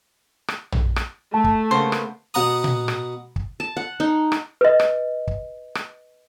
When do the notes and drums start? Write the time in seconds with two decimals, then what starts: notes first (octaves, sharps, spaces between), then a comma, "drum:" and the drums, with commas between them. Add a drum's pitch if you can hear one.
0.48 drum: rim click
0.72 drum: tom A#1
0.96 drum: rim click
1.34 A3 A5
1.44 drum: kick
1.71 C#3 A#3 B3 C5
1.92 drum: rim click
2.34 B2 B3 F#5 A#5 D#6
2.64 drum: tom A#2
2.88 drum: rim click
3.36 drum: kick
3.60 A5
3.77 F#5
4.00 D#4
4.32 drum: rim click
4.61 B4 D#5
4.80 drum: rim click
5.27 drum: kick
5.75 drum: rim click